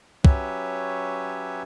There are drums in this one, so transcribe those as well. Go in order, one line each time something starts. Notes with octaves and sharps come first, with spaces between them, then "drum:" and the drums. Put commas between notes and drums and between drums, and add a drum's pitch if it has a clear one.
F#3 C#4 G4 B4 C#5 E5, drum: kick